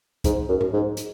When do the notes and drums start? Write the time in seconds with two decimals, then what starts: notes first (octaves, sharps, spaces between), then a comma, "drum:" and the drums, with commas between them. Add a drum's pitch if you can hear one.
0.24 G#2, drum: kick C2, hi-hat
0.48 F#2
0.61 drum: tom
0.73 G#2
0.97 drum: hi-hat